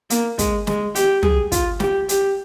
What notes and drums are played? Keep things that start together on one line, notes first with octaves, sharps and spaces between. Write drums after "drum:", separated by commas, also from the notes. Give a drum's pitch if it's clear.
A#3, drum: hi-hat
G#3, drum: kick, hi-hat
G#3, drum: snare
G4, drum: hi-hat
G#4, drum: tom
F4, drum: kick, hi-hat
G4, drum: snare
G4, drum: hi-hat